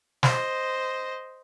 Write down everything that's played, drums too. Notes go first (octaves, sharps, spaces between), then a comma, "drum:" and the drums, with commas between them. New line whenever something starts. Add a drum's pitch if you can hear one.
C5 D#5, drum: snare